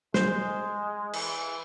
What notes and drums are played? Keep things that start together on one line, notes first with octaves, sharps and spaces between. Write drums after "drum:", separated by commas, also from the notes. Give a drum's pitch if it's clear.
G#3 C5, drum: snare
E3, drum: cymbal